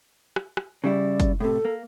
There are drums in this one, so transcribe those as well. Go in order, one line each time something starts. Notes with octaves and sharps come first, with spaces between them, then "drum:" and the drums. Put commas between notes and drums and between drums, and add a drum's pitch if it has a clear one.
drum: rim click
drum: rim click
C#3 G3 E4 D5
drum: kick, hi-hat
A2 C3 A4
A#3